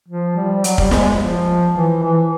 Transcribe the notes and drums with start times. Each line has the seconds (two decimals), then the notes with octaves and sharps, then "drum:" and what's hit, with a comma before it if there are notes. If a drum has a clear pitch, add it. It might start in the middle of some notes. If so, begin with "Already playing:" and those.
0.08 F3
0.36 G3
0.64 F#3, drum: hi-hat
0.78 G3, drum: kick
0.91 G#3, drum: snare
1.20 F3
1.74 E3
2.02 E3